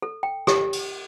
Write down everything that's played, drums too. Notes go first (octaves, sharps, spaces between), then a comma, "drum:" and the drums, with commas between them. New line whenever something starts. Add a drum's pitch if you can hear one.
A4
G5
G4, drum: rim click
drum: cymbal